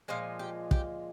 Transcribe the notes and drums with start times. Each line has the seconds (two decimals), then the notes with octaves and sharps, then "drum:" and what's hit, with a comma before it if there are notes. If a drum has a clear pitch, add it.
0.08 A#2 F3 G#3 C5
0.39 G4
0.71 G4, drum: kick